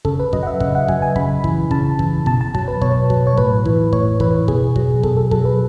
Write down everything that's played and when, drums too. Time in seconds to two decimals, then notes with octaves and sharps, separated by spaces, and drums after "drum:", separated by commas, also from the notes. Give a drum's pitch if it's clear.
0.05 C#3 A4, drum: kick
0.20 B4
0.33 F#3 D#5, drum: kick
0.43 F#5
0.47 E5
0.60 C#3 F#5, drum: kick
0.75 F#5
0.88 F#3 G#5, drum: kick
1.02 G#5
1.16 C#3 B5, drum: kick
1.44 E3, drum: kick
1.71 C#3 A5, drum: kick
1.99 E3, drum: kick
2.26 B2 A5, drum: kick
2.41 A5
2.55 F#3 A5, drum: kick
2.68 B4
2.82 B2 C#5, drum: kick
3.10 F#3, drum: kick
3.27 C#5
3.37 A2 B4, drum: kick
3.65 E3, drum: kick
3.93 A2 C#5, drum: kick
4.20 E3 B4, drum: kick
4.48 B2 G#4, drum: kick
4.76 F#3, drum: kick
5.03 B2 A4, drum: kick
5.17 A4
5.31 F#3 A4, drum: kick
5.45 B4